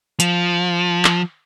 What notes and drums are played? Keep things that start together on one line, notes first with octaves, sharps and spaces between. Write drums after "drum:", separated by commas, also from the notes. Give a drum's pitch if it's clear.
F3, drum: hi-hat
drum: clap